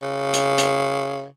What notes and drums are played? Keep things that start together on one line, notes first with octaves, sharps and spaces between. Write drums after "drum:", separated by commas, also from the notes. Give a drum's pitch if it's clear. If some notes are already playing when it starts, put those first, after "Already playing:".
C#3
drum: hi-hat
drum: hi-hat